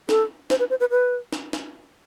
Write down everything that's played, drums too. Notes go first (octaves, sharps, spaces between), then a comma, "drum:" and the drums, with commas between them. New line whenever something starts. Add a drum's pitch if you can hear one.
A4, drum: snare
C5, drum: snare
B4
C5
B4
B4
drum: snare
drum: snare